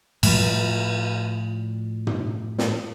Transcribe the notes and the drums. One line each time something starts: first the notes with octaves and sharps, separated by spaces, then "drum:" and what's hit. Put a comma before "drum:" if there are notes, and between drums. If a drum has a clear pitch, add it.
A2 F3 G3, drum: cymbal
drum: tom
drum: snare